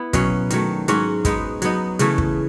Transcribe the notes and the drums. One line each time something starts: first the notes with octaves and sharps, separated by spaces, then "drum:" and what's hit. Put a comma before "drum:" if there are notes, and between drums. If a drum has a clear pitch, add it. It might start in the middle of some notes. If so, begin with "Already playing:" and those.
Already playing: B3 E4
B2 F#3 C#4, drum: kick, hi-hat
D#3 F#3 A3, drum: hi-hat
G#2 F#3 C#4 F#4, drum: hi-hat
G#3 B3 D#4, drum: kick, hi-hat
F#3 B3 D#4, drum: hi-hat
C#3 E3 A3 C#4, drum: hi-hat
drum: kick